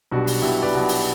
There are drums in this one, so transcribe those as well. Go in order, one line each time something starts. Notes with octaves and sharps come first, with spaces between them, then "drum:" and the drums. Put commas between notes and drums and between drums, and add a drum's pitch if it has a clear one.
B1 B2 G3 D4 F#4
drum: open hi-hat
B1 B2 G3 E4 G4
B4 D5
B1 B2 G3
drum: open hi-hat